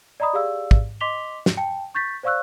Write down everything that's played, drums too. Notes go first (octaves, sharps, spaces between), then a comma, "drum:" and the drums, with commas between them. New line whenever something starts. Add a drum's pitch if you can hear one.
D5 D#5 A#5 B5 D#6
G4 G#4 D5 F5 E6
drum: kick
D#5 C6 D6 B6 F7 G7
drum: snare
G5 A5
C#6 G6 A6 B6
C5 D5 F5 C#6 E6 F#6